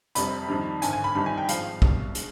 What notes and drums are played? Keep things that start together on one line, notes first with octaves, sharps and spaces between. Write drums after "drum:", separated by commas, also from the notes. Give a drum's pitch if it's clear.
F1 F2 C3 G3 B5, drum: hi-hat
F2 D#3 G3
G#1 G2 D3 G#5, drum: hi-hat
G#5
B5
G1 F2 D#3 G3 B5
G#5
G5
G#1 G2 F3 G#3 F5, drum: hi-hat
C2 B2 G3, drum: kick
G#3, drum: hi-hat